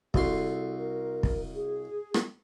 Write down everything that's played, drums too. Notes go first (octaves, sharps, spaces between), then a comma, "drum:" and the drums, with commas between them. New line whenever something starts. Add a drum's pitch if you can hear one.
C2 F#4 A4 C6, drum: kick
A#4
drum: kick
G#4
drum: rim click